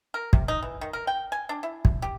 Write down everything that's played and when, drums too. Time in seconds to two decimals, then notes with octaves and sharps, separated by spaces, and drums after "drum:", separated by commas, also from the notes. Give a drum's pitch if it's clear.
0.14 A#4
0.33 C3, drum: kick
0.48 D#4
0.62 E3
0.81 D#3
0.93 A#4
1.07 G5
1.32 G#5
1.49 D4
1.63 E4
1.85 drum: kick
2.02 G4